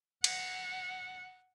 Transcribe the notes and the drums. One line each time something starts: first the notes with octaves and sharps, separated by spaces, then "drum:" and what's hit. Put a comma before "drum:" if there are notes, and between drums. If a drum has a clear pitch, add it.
F#5, drum: cymbal